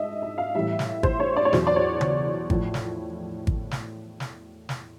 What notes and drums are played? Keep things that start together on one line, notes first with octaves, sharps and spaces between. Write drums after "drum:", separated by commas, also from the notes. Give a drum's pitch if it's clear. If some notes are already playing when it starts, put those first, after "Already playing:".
Already playing: G#2 D#5 E5
E5
F5
A2 E3 G3 E5
drum: snare
C5, drum: kick G#1
C#5
D5
C#5
E2 B2 F#3 C5, drum: snare
D5
C#5
drum: tom C#3
A2 F3, drum: kick G#1
drum: snare
drum: kick G#1
drum: snare
drum: snare
drum: snare